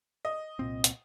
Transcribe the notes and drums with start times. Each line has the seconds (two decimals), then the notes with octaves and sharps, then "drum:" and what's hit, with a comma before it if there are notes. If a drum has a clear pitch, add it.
0.25 D#5
0.59 C2 A#2 C4
0.84 drum: hi-hat